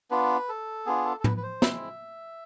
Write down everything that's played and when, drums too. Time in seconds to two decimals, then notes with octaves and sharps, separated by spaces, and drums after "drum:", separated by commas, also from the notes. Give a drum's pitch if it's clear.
0.11 B3 D4 F4 B4
0.49 A4
0.86 B3 D4 F4 G#4
1.05 A4
1.20 A4
1.24 B4, drum: tom
1.37 B4
1.43 C5
1.62 G#3 C4 E4 E5, drum: snare